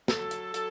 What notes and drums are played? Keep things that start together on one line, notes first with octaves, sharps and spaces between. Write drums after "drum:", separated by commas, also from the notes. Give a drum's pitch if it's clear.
F#3 A4, drum: snare
drum: hi-hat
F#3 A4, drum: hi-hat